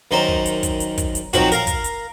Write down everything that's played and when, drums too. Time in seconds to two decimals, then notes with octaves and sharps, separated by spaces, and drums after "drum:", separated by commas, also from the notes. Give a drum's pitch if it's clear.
0.11 F#2 D#3 D#4 C5
0.28 drum: kick
0.46 drum: hi-hat
0.63 drum: kick, hi-hat
0.80 drum: hi-hat
0.98 drum: kick, hi-hat
1.15 drum: hi-hat
1.33 D#3 F3 F#3 C4 F#4, drum: kick, hi-hat
1.52 A#4 F5, drum: hi-hat
1.67 drum: kick, hi-hat
1.84 drum: hi-hat